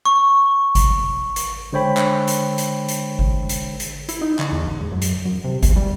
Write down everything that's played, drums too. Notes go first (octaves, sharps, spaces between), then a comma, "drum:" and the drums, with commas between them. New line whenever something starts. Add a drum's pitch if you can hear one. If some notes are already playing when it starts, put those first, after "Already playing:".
C#6
drum: kick G#1, hi-hat
drum: hi-hat
D3 G#3 C5 C#5 G5 B5
drum: clap
drum: hi-hat
drum: hi-hat
drum: hi-hat
drum: kick G#1
drum: hi-hat
drum: hi-hat
E4, drum: hi-hat
D#4
D3, drum: clap
E2
A1
G#2
F#2
drum: hi-hat
F#2
C3
E2, drum: kick G#1, hi-hat
G3